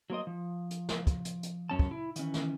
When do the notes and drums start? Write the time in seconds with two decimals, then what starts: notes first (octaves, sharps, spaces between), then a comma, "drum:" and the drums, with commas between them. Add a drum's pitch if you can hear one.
0.10 F#3 A#3 C5 D#5
0.27 F3
0.71 drum: hi-hat
0.89 drum: snare
1.07 drum: kick, hi-hat
1.25 drum: hi-hat
1.43 drum: hi-hat
1.69 F#2 C#4 A5
1.79 drum: kick
1.91 E4
2.16 D#3 E3 C#4, drum: hi-hat
2.34 drum: snare